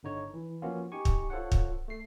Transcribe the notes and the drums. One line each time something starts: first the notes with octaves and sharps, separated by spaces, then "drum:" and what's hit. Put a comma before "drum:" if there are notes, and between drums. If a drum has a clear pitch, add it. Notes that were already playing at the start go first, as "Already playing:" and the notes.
G1 D3 D#4 C#5
E3
F3 A#3 B3 C#4 F4 F#4
D#4 G4 G#5 C#6
drum: kick
F4 A4 C5 C#5 F#5
drum: kick
A3 C7